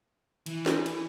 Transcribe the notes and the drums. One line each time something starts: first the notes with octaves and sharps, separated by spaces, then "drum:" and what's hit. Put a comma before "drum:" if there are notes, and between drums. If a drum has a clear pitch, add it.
E3, drum: cymbal
drum: snare
drum: cymbal